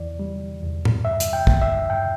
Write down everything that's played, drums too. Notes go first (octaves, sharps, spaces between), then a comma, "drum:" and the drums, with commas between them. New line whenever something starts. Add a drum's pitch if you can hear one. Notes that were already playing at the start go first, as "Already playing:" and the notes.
Already playing: E2 E3 D5
G3
E2
drum: tom A2
G2 E5
drum: hi-hat
G5
G2, drum: kick
E5
G2 G5